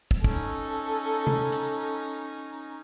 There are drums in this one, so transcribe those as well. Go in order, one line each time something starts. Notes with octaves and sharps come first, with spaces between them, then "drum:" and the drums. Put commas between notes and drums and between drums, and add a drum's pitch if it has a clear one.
drum: kick
C#4 D#4 A4, drum: kick
drum: tom C3
drum: hi-hat